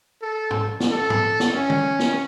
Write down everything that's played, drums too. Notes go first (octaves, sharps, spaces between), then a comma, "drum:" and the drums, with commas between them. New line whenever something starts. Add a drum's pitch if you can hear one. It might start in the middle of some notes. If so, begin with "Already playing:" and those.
A4
drum: tom G#2
drum: snare
A4
drum: tom
drum: snare
C#4
drum: tom D3
drum: snare